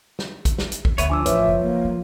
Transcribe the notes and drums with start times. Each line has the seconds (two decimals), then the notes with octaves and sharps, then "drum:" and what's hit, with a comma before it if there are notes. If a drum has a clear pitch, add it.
0.19 drum: snare
0.45 drum: kick A#1, hi-hat
0.58 drum: snare
0.72 drum: hi-hat
0.85 drum: kick A#1
0.98 D2 B3 B4 C#5 E5, drum: hi-hat
1.10 F3 D4 G#5 D6 E6
1.26 A1 B4 C#5 E5, drum: hi-hat
1.46 F#1
1.61 F#3 A#3
1.85 F#3